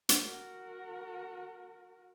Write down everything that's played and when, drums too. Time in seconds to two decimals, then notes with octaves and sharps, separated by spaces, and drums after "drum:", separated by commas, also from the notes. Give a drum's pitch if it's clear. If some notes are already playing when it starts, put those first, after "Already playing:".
0.09 drum: hi-hat
0.21 F#4 A#4